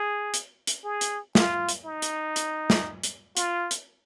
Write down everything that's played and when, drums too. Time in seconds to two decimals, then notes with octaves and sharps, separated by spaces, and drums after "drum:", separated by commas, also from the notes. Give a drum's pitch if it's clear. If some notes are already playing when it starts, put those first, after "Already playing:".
Already playing: G#4
0.34 drum: hi-hat
0.67 drum: hi-hat
0.84 G#4
1.01 drum: hi-hat
1.35 F4, drum: snare
1.69 drum: hi-hat
1.85 D#4
2.02 drum: hi-hat
2.36 drum: hi-hat
2.70 drum: snare
3.03 drum: hi-hat
3.37 F4, drum: hi-hat
3.71 drum: hi-hat